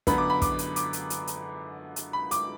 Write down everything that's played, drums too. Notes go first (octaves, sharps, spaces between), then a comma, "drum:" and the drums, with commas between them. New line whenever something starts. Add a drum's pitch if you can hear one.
F#2 D3 B3 B5, drum: kick, hi-hat
D6
B5
D6, drum: kick, hi-hat
drum: hi-hat
D6, drum: hi-hat
drum: hi-hat
drum: hi-hat
drum: hi-hat
drum: hi-hat
B5
D6, drum: hi-hat